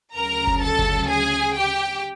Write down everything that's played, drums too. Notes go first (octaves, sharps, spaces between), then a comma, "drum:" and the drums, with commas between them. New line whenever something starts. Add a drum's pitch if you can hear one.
D2 C#3 F#3 A#4 A#5
drum: kick F#1
A4 A5
drum: kick F#1
G#4 G#5
G4 G5